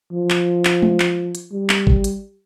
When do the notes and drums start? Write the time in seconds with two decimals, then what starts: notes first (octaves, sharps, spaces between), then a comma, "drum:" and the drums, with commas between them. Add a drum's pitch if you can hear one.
0.12 F3
0.30 drum: clap
0.65 drum: clap
0.82 drum: tom G#3
1.00 drum: clap
1.35 drum: hi-hat
1.52 G3
1.69 drum: clap
1.87 drum: kick G#1
2.04 drum: hi-hat